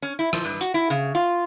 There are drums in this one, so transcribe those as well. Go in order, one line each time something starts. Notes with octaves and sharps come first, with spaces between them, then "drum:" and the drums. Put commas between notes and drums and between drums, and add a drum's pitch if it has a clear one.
C#4
E4
F3, drum: rim click
G2
F#4, drum: hi-hat
E4
C#3
F4